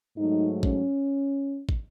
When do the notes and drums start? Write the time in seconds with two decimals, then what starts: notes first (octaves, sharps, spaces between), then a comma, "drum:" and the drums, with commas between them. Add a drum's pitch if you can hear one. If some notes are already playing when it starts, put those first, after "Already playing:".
0.16 G#2 F#3 A3 D#4
0.63 C#4, drum: kick
1.69 drum: kick